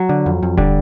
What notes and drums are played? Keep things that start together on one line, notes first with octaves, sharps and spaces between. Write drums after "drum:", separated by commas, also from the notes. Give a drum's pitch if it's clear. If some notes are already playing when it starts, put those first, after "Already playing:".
Already playing: F#3
D3
F2
F2
D3 G3, drum: kick E1